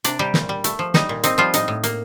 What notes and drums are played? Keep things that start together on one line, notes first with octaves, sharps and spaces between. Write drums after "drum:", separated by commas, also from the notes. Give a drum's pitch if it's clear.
C3 D4 D5, drum: hi-hat
C3 G3 G4
A#2, drum: snare
G3
A3, drum: hi-hat
F3
G3 D#4, drum: snare
A#2
C4 D#4, drum: hi-hat
F3 G3 F4
A2 D#4, drum: hi-hat
A2
A#3, drum: hi-hat